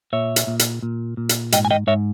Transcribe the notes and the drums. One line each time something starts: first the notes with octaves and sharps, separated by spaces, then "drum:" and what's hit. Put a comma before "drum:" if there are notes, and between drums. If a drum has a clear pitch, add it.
A#2 C#5 E5
drum: hi-hat
A#2
drum: hi-hat
A#2
A#2
drum: hi-hat
G#2 D#5 G5, drum: hi-hat
G#5
D#5 G5
G#2 C#5 E5